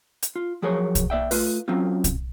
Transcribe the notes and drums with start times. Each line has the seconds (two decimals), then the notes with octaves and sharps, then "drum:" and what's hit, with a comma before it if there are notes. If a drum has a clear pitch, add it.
0.22 drum: hi-hat
0.36 F4
0.62 F3 F#3 G#4 A#4 C#5
0.95 drum: kick, hi-hat
1.10 A#3 D5 E5 G5
1.31 A3 F4 B4, drum: open hi-hat
1.68 F#3 C4 C#4 F4
2.04 drum: kick, hi-hat